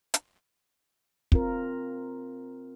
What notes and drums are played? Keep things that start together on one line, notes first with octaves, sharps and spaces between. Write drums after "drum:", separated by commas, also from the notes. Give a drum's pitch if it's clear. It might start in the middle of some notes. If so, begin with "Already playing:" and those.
drum: hi-hat
C4 F4 A#4, drum: kick